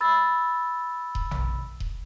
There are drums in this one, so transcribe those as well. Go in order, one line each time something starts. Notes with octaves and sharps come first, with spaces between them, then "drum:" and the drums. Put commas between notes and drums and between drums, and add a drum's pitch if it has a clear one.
B5 E6 A6
drum: kick D#1
drum: tom A#1
drum: kick D#1